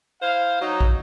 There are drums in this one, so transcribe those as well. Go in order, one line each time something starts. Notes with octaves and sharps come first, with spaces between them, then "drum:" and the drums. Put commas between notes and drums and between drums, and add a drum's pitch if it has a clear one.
E4 C5 F5
F#3 D#4
drum: kick